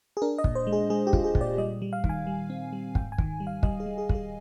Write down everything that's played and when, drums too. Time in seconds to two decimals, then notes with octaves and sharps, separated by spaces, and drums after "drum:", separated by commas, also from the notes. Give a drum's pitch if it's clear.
0.17 G#4
0.22 D4 A#4
0.38 D#5
0.44 A#2, drum: kick
0.55 C5
0.67 G#3
0.73 G#4
0.90 G#3 G#4
1.07 G4
1.13 F4, drum: kick
1.24 G#4
1.35 A#2, drum: kick
1.41 D5
1.58 G3 D#5
1.82 G3
1.93 F5
2.04 D#3, drum: kick
2.09 G#5
2.27 G3
2.50 C4
2.73 G3
2.95 G#2 G5, drum: kick
3.12 G#5
3.18 D#3, drum: kick
3.40 G3
3.47 F5
3.63 G3 D#5, drum: kick
3.80 G#4
3.86 G3
3.98 G#4
4.09 G3, drum: kick
4.15 G#4